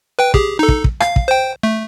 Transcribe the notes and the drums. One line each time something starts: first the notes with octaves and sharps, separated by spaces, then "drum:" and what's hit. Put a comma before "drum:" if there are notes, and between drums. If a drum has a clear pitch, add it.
B4 G5
G4 G#4, drum: kick
D#4 A4
drum: kick
drum: kick
F5, drum: rim click
drum: kick
C5 G5
A3